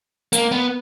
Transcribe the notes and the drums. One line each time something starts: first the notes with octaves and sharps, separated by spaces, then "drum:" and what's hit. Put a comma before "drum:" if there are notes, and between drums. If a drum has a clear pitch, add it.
A#3, drum: hi-hat
B3